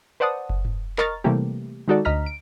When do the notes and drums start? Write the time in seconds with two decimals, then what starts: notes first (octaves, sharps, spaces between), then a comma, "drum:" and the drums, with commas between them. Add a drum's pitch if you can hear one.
0.20 B4 C5 D5 F#5 A5 D#6
0.50 drum: kick F#1
0.65 drum: tom G2
0.98 A#4 D#5 A#5 C#6 F6 A6, drum: clap
1.24 C3 E3 G3 A3 A#3 G4
1.88 D#3 G#3 D#4 F#4 A4 D5
2.05 D2 D#5 A#5 F6 B6
2.26 D7